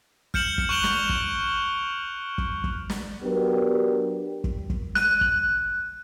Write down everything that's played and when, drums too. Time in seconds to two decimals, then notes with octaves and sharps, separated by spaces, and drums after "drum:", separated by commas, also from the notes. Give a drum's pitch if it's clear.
0.34 F6 G6 C#7 E7 F#7, drum: kick
0.58 drum: kick
0.69 C#6 F#6 D7 E7 F7 G7
0.84 drum: snare
1.09 drum: kick
2.38 drum: kick
2.64 drum: kick
2.90 drum: snare
3.24 F#3 B3 D4 G4 A#4
4.44 drum: kick
4.70 drum: kick
4.95 F#6, drum: snare
5.21 drum: kick